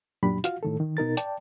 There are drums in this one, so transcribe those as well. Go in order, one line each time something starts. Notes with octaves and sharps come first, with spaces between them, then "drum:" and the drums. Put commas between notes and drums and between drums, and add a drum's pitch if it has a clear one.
F#2 A#2 F#3 D4 G4 B5
F4 F#4 F5, drum: hi-hat
A2 D#3 A4
D#3
B2 D#4 A#4 A6
D5 G5 A5, drum: hi-hat